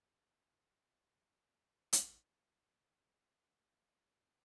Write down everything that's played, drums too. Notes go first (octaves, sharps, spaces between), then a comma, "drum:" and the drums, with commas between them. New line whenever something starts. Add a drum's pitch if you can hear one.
F#3 B4 F5 B5
G5 A#5
A5
drum: hi-hat
F#3 C#4 C#5 D5
C5
G#2 C3
D5 F#5 G5 A5 D#6